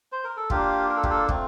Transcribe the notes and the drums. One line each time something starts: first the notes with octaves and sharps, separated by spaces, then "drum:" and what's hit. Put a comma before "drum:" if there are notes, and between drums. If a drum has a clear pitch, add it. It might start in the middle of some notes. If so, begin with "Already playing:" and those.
C5
A#4
A4
A#3 D4 F4 G4, drum: kick
A#4
A4
G4, drum: kick
A4
A3 C4 F4, drum: kick